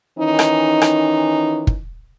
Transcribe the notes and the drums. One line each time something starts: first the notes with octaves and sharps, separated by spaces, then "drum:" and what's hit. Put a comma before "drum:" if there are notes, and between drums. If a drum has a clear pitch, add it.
D#3 E3 C#4 D#4
drum: rim click
drum: rim click
drum: kick